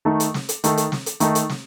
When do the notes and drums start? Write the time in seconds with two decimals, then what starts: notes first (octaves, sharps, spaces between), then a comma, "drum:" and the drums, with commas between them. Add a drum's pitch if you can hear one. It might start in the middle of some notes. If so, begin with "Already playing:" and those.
0.05 D#3 A3 D#4 A4
0.20 drum: hi-hat
0.34 drum: snare
0.49 drum: hi-hat
0.64 D#3 A3 D#4 A4, drum: hi-hat
0.77 drum: hi-hat
0.92 drum: snare
1.06 drum: hi-hat
1.20 D#3 A3 D#4 A4, drum: hi-hat
1.35 drum: hi-hat
1.49 drum: snare